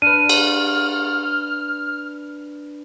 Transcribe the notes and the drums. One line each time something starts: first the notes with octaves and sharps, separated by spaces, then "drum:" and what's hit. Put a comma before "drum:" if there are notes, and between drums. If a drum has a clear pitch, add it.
D4 B4 F6 D#7
drum: cymbal